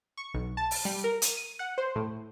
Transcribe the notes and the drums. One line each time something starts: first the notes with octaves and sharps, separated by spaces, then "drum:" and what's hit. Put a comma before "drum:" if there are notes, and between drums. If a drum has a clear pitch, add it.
C#6
B1
A5
drum: open hi-hat
G3
A#4
D#7, drum: hi-hat
D#7
F#5
C5
A2